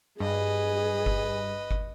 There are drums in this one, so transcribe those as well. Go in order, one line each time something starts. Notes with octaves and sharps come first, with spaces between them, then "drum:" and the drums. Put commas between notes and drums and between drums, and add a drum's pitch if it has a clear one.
G2 G#4 B4 D#5
drum: kick G1
drum: kick G1